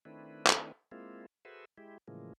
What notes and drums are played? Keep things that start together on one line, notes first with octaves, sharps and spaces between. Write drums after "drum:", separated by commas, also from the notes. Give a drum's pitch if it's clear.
D#3 A3 C4 D4 E4 B4
drum: clap
G#3 A#3 C4 E4 F4
F#4 G#4 A4 B4 C5 E5
G#3 E4 G4
A2 C#3 E3 F3 G#3 A#3